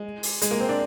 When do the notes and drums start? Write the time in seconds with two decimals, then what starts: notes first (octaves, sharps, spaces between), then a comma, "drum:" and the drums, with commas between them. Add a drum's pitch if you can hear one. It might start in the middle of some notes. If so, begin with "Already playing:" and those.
Already playing: G#3
0.23 drum: open hi-hat
0.42 G#3, drum: hi-hat
0.51 A#3
0.60 C4
0.69 D4